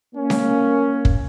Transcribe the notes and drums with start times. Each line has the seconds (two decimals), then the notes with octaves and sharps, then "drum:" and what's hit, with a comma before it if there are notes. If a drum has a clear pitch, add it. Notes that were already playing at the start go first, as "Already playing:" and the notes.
0.15 A#3 C#4
0.30 drum: snare C#4
1.05 drum: kick